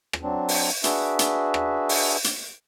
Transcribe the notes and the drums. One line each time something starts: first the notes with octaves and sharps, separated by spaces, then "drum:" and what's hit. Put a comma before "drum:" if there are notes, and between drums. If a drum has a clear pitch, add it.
drum: rim click
F#3 C4 D4
drum: open hi-hat
D4 F#4 G#4 B4 E5, drum: hi-hat
drum: hi-hat
drum: rim click
drum: open hi-hat
drum: hi-hat